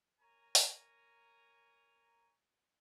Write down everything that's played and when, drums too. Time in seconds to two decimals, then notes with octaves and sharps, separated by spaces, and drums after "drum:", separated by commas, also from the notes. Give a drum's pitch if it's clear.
0.20 A#4 C#5 G#5 A#5
0.55 drum: open hi-hat